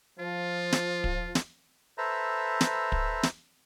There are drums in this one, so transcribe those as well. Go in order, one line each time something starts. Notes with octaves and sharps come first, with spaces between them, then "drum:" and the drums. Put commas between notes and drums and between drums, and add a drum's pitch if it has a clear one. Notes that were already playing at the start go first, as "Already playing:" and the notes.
F3 F4
drum: snare
drum: kick
drum: snare
A4 B4 C5 E5 A#5
drum: snare
drum: kick
drum: snare